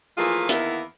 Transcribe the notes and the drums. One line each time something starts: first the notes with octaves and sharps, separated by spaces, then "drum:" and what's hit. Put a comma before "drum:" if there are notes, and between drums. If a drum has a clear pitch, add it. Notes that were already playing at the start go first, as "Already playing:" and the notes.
E3 F3 A3 A#3 F4 G#4
E2 D#3 A#3 B3 E4, drum: hi-hat